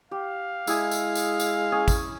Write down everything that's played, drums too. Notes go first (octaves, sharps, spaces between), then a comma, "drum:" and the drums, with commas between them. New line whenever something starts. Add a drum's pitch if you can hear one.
G4 F5
G#3 E4 G#4, drum: tambourine
drum: tambourine
drum: tambourine
drum: tambourine
C#4 G#4
drum: kick, tambourine